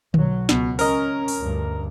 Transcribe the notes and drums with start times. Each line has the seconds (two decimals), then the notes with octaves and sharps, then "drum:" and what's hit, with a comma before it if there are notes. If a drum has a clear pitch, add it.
0.14 B1 F#3, drum: tom D3
0.49 C#2 B2, drum: snare
0.79 C#4 A#4 D#5, drum: open hi-hat
1.28 drum: open hi-hat
1.41 D2 G2